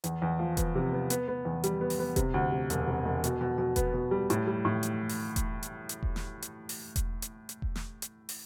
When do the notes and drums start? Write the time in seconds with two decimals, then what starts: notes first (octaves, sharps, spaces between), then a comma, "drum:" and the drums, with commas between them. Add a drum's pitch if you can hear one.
0.04 E2, drum: hi-hat
0.22 E2
0.39 F3
0.57 B3, drum: kick E1, hi-hat
0.75 C3
0.92 B3
1.10 B3, drum: hi-hat
1.28 B3
1.45 E2
1.64 G3, drum: hi-hat
1.81 B3
1.90 drum: open hi-hat
1.99 B3
2.16 C3, drum: kick E1, hi-hat
2.34 D2
2.52 C3
2.70 E1, drum: hi-hat
2.87 C3
3.05 E1
3.24 B2, drum: hi-hat
3.41 B2
3.58 B2
3.76 B3, drum: kick E1, hi-hat
3.94 B2
4.11 G3
4.30 A2, drum: hi-hat
4.47 G3
4.65 A2
4.83 drum: hi-hat
5.09 drum: open hi-hat
5.36 drum: kick E1, hi-hat
5.63 drum: hi-hat
5.89 drum: hi-hat
6.03 drum: kick E1
6.16 drum: snare
6.42 drum: hi-hat
6.69 drum: open hi-hat
6.96 drum: kick E1, hi-hat
7.22 drum: hi-hat
7.49 drum: hi-hat
7.62 drum: kick E1
7.75 drum: snare
8.02 drum: hi-hat
8.29 drum: open hi-hat